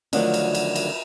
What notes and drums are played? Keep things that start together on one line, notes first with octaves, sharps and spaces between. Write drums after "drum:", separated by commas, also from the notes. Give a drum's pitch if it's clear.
D3 D#3 F3 F#3 A3, drum: cymbal
drum: cymbal
drum: cymbal
drum: cymbal